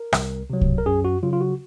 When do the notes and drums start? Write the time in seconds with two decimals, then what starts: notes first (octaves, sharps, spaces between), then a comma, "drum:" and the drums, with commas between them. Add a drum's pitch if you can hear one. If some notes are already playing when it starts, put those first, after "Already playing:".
Already playing: A#4
0.13 C2, drum: rim click
0.50 C3 F#3
0.61 drum: kick C2
0.78 A#4
0.86 F#2 G#4
1.05 F#4
1.23 C#3 F#3 F4
1.33 F4
1.41 F#4